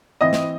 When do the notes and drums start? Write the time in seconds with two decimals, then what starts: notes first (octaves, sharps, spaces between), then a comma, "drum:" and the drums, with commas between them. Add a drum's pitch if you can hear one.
0.21 E3 C4 E4 D#5 D#6
0.33 drum: snare